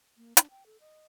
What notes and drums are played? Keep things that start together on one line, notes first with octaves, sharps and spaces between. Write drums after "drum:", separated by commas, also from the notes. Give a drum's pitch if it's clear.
A#3
D4, drum: hi-hat
G5
A4
D#5